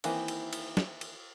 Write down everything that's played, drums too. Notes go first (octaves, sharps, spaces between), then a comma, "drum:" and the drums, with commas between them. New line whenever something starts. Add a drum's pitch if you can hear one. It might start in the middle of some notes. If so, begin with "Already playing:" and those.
D#3 E3 A#3 C4 E4, drum: cymbal
drum: cymbal
drum: cymbal
drum: snare
drum: cymbal